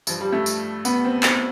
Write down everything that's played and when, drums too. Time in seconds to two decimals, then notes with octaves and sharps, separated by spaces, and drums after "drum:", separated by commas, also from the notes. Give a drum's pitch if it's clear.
0.07 G2 F3, drum: tambourine
0.21 G3
0.33 A3
0.46 drum: tambourine
0.85 B3, drum: tambourine
1.04 C4
1.23 C4, drum: clap